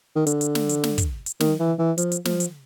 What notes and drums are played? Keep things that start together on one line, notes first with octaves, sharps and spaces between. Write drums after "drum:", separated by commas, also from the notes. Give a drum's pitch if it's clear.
D#3
D3, drum: hi-hat
drum: hi-hat
drum: snare
drum: hi-hat
drum: snare
drum: kick, hi-hat
drum: hi-hat
D#3, drum: snare
E3
E3
F3, drum: hi-hat
drum: hi-hat
F3, drum: snare
drum: hi-hat